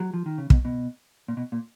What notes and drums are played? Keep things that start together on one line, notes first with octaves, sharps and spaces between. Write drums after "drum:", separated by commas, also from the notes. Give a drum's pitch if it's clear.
F#3
F3
D#3
C#3
B2, drum: kick
B2
A#2
B2
A#2